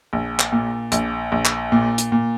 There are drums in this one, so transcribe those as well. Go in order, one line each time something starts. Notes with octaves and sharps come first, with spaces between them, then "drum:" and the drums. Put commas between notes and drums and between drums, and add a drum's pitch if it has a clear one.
A#1
drum: clap
A#2
A#1, drum: hi-hat
A#1
drum: clap
A#2
drum: hi-hat
A#2